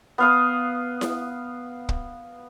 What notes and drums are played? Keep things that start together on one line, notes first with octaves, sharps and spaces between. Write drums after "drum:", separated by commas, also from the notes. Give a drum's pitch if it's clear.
B3 F5 D#6
drum: snare E4
drum: kick